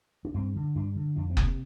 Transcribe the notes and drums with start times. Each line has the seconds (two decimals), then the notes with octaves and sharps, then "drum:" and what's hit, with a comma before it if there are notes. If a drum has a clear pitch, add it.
0.25 D4
0.34 G2 C4
0.55 D3
0.75 G2 D4
0.96 D3
1.16 F2 D4
1.30 C4
1.37 C3, drum: kick F#1
1.43 A#3